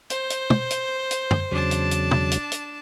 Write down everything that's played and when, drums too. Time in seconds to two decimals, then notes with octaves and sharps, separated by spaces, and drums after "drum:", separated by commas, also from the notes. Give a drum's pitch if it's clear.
0.10 C5 G6, drum: hi-hat
0.30 drum: hi-hat
0.50 drum: tom
0.70 drum: hi-hat
1.11 drum: hi-hat
1.31 drum: tom F#2
1.51 E2 C#3 F#3 D4 A5
1.71 drum: hi-hat
1.91 drum: hi-hat
2.11 drum: tom
2.31 drum: hi-hat
2.52 drum: hi-hat